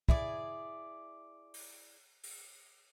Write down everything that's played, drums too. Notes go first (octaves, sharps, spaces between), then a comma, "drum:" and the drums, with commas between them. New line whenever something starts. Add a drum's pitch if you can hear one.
E4 G#4 D5, drum: kick
drum: open hi-hat
drum: open hi-hat